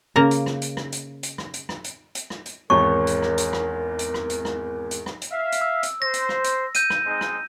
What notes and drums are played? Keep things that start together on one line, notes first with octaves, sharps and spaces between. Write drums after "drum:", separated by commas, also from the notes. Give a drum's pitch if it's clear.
C#3 A#3 A#5
drum: hi-hat
drum: rim click
drum: hi-hat
drum: rim click
drum: hi-hat
drum: hi-hat
drum: rim click
drum: hi-hat
drum: rim click
drum: hi-hat
drum: hi-hat
drum: rim click
drum: hi-hat
G#1 E2 A#4 C#5 C#6
drum: hi-hat
drum: rim click
drum: hi-hat
drum: rim click
drum: hi-hat
drum: rim click
drum: hi-hat
drum: rim click
drum: hi-hat
drum: rim click
drum: hi-hat
E5 F5
drum: hi-hat
E6
drum: hi-hat
C5 A#6
drum: hi-hat
drum: rim click
drum: hi-hat
G6 D#7, drum: hi-hat
drum: rim click
G#3 C4 D#4
drum: rim click